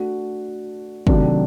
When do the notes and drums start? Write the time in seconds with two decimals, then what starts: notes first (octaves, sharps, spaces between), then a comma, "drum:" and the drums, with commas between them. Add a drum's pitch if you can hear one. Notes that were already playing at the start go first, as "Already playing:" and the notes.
Already playing: A3 D4 F#4
1.07 C3 D#3 F#3 A3 D4, drum: kick